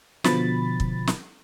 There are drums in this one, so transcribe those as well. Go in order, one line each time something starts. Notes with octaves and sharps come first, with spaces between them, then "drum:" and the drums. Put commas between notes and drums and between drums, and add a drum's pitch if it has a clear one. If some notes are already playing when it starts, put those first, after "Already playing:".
B2 D3 F3 B5 A6, drum: snare
drum: kick
drum: snare